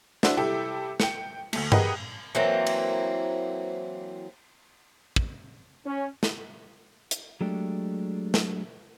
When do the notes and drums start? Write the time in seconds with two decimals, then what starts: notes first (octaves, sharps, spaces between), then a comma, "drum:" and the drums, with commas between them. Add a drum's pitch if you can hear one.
0.23 D4 E4 F#4 C5, drum: snare
0.37 C3 G3 E4 A4 G5
1.00 G5 C#7, drum: snare
1.53 D2 A3, drum: cymbal
1.72 G4 G#4 A#4 B4 D#5 F#5, drum: tom G2
2.35 E3 F#3 A#3 C4
2.67 drum: cymbal
5.16 drum: kick
5.85 C#4
6.23 drum: snare
7.11 drum: hi-hat
7.41 F#3 G#3 A3 D4 G4
8.34 drum: snare